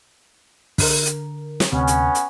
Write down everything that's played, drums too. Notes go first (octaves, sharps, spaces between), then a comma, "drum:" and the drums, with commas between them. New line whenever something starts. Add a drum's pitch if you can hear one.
D3 A#4, drum: kick, open hi-hat
drum: hi-hat
drum: snare
D2 C3 B3 C#4
drum: hi-hat
drum: hi-hat